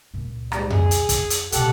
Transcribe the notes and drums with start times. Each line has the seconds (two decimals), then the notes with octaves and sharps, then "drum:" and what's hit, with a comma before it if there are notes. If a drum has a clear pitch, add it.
0.14 C#2 A#2
0.52 G#2 G3, drum: rim click
0.70 G#4, drum: tom F2
0.91 drum: hi-hat
1.09 F2, drum: kick, hi-hat
1.30 drum: hi-hat
1.52 B2 D3 G4 A4 F#5, drum: hi-hat